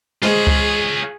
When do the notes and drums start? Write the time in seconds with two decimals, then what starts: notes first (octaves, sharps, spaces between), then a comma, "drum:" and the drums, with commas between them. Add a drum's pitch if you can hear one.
0.22 G#3 F4 G#4 C5 C#5, drum: snare
0.47 drum: kick C#2